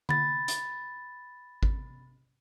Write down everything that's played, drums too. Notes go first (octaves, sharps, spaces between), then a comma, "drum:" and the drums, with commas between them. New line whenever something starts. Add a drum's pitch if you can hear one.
B5 A6, drum: tom D3
drum: hi-hat
drum: kick G#1